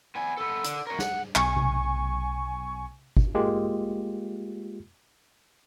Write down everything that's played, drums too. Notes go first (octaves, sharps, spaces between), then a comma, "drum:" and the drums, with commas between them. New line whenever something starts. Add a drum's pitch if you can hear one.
B3 G#5
B3 A4
D3, drum: hi-hat
A#4 C#5
F#5, drum: snare
B1 G#5 C#6, drum: clap
drum: tom C3
drum: kick G1
G#3 A#3 F4 G4